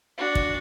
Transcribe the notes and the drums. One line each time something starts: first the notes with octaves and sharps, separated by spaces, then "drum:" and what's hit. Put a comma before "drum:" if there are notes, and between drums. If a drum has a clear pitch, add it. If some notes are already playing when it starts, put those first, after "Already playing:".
D4 F#4
drum: kick